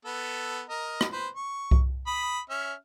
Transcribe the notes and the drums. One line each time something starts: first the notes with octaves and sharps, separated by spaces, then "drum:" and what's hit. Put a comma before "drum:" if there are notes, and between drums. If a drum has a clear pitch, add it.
B3 A4
A#4 D#5
drum: rim click
B4 C5
C#6
drum: kick C2
B5 D#6
C#4 E5 F6